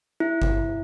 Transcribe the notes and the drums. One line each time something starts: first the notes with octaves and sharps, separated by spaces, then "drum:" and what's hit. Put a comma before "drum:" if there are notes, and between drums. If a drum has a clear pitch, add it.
E4
drum: kick G1